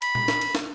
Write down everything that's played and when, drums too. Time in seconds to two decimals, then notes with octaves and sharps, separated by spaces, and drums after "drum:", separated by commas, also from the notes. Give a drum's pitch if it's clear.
0.02 B5, drum: cymbal
0.15 drum: tom A#2
0.28 drum: snare
0.41 drum: cymbal
0.55 drum: snare